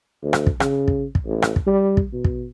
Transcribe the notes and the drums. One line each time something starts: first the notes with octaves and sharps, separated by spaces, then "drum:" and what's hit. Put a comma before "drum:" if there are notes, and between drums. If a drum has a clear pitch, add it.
D2
drum: rim click
drum: kick
C#3, drum: rim click
drum: kick
drum: kick
A1
drum: rim click
drum: kick
G3
drum: kick
B2
drum: kick